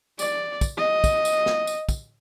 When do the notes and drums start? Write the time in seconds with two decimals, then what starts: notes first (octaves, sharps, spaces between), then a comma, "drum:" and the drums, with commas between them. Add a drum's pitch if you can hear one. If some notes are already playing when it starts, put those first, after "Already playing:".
0.19 D5, drum: tambourine
0.61 drum: kick, tambourine
0.77 D#5
1.04 drum: kick, tambourine
1.25 drum: tambourine
1.46 drum: snare
1.67 drum: tambourine
1.89 drum: kick, tambourine